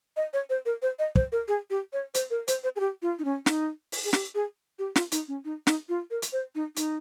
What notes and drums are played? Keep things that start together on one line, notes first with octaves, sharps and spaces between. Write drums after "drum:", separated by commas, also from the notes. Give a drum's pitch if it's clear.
D#5
C#5
C5
A#4
C5
D#5
C5, drum: kick
A#4
G#4
G4
C#5
C5, drum: hi-hat
A#4
C5, drum: hi-hat
C5
G#4
G4
F4
D#4
C#4
D#4, drum: snare
drum: open hi-hat
G#4
G4, drum: snare
G#4
G4
F4, drum: snare
D#4, drum: hi-hat
C#4
D#4
D#4, drum: snare
F4
A#4
drum: hi-hat
C5
D#4
D#4, drum: hi-hat